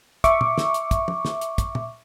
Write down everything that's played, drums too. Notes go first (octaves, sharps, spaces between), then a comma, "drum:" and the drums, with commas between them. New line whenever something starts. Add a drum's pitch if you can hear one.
E5 C#6 D6, drum: kick, hi-hat
drum: tom
drum: snare
drum: hi-hat
drum: kick, hi-hat
drum: tom
drum: snare
drum: hi-hat
drum: kick, hi-hat
drum: tom